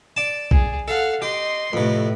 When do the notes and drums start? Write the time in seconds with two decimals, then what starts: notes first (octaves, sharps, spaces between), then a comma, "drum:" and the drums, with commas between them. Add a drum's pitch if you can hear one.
0.17 D5 A5
0.51 G#4, drum: kick B1
0.88 A4 F5 F#5
1.22 G4 D#5 C6
1.73 F2 A2 C3 B4